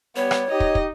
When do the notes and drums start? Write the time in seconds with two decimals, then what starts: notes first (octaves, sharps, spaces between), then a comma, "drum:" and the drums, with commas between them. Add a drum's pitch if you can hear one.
0.16 G3 B3 C#5
0.31 drum: rim click
0.51 D#4 G4 D#5
0.60 drum: kick
0.75 drum: kick